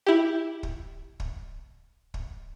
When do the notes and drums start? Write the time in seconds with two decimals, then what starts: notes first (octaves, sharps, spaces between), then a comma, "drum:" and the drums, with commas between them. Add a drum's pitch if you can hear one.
0.07 E4 G4
0.63 drum: kick
1.20 drum: kick
2.14 drum: kick